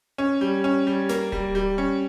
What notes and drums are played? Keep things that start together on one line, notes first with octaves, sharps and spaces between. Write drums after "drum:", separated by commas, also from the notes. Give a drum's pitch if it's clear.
C#4
G3
C#4
G3
A#3, drum: snare
G3, drum: kick D1
G3
C#4